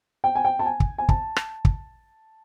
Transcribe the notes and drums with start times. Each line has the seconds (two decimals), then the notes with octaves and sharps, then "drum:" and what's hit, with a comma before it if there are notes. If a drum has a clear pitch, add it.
0.24 G5
0.35 G#5
0.45 G5
0.59 A5
0.66 G#5
0.80 drum: kick
0.98 G#5
1.09 A5, drum: kick
1.36 drum: rim click
1.65 drum: kick